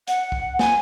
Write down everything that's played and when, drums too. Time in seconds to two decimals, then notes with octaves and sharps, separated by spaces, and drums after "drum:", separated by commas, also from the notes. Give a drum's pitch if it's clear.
0.08 F#5, drum: hi-hat
0.32 drum: kick
0.59 G#5, drum: snare